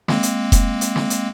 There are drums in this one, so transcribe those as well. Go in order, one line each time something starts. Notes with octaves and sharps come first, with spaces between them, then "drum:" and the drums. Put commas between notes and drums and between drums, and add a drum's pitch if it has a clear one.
G#3 A#3 C4, drum: snare
drum: hi-hat
drum: kick F1, hi-hat
drum: hi-hat
drum: snare
drum: hi-hat